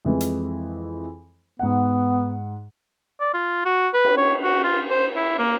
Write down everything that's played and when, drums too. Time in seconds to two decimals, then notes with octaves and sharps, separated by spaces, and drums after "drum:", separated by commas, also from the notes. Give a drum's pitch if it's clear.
0.05 F2 E3 G#3
0.20 drum: hi-hat
1.59 G#2 B3 F#5
3.20 D5
3.34 F4
3.65 F#4
3.94 B4
4.05 drum: cymbal
4.17 C#5
4.44 F#4
4.64 F4
4.90 C5
5.16 E4
5.39 A#3